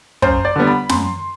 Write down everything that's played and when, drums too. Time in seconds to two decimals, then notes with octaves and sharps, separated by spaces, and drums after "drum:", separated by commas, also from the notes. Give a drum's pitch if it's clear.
0.22 F#2 C5, drum: kick
0.45 D5
0.56 D3 G3 B3
0.67 B5
0.89 F#2 C6, drum: snare